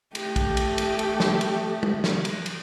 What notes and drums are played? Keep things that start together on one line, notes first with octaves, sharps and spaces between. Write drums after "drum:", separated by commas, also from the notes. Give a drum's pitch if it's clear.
A3 G4, drum: cymbal
drum: kick, cymbal
drum: cymbal
drum: cymbal
drum: cymbal
drum: snare
drum: cymbal
drum: tom
drum: snare
drum: cymbal
drum: cymbal